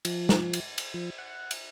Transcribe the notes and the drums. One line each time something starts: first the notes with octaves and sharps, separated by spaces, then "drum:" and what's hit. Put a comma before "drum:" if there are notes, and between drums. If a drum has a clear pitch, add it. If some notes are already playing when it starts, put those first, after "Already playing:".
F3, drum: cymbal
drum: snare
drum: cymbal
drum: cymbal
F3
F#5
drum: cymbal